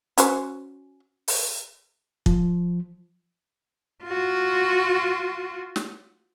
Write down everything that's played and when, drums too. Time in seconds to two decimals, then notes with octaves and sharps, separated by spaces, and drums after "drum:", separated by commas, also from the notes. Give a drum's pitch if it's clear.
0.18 C#4 F#4 C5, drum: hi-hat
1.28 drum: open hi-hat
2.26 F3, drum: kick
4.04 F4 F#4
5.76 drum: snare